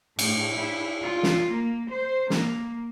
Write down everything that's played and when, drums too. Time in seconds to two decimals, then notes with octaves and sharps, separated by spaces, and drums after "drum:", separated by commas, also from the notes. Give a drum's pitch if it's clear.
0.19 A2, drum: cymbal
0.57 E4
1.01 F4
1.23 drum: snare
1.51 A#3
1.90 C5
2.30 A#3, drum: snare